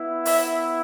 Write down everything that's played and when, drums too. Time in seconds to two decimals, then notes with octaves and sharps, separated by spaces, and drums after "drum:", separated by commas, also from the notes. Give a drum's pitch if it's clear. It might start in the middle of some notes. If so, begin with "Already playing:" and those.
Already playing: B3 E4
0.25 E5, drum: open hi-hat